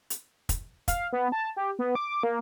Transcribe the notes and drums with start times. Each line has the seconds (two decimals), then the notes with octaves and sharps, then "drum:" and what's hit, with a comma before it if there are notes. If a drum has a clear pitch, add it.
0.10 drum: hi-hat
0.49 drum: kick, hi-hat
0.88 F5, drum: kick, hi-hat
1.12 B3
1.32 A5
1.56 G4
1.79 B3
1.95 D6
2.23 A#3